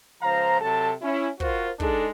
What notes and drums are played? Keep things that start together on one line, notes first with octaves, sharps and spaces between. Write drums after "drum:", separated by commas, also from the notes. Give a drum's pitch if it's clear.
C#2 F3 C5 F5 A#5
C3 F#3 A4 A5
C#4 E4
F4 F#4 A#4 C5, drum: kick
G#3 D4 D#4 G#4 A4, drum: kick